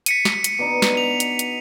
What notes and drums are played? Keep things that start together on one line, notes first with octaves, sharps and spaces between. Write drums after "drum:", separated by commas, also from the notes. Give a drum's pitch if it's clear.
B6 C#7 D#7, drum: hi-hat
drum: snare
drum: hi-hat
B2 D4 D#4
drum: snare
F7
drum: hi-hat
drum: hi-hat